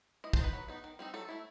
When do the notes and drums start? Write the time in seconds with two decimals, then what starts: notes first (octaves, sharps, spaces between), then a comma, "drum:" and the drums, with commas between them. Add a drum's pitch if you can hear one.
0.24 E3 D#5
0.33 C5, drum: kick
0.39 B3 D#4 B4
0.53 F#3
0.68 B3 D#4
0.84 D#3
0.99 G3 C4 D#4
1.14 F#3 A4
1.29 A3 E4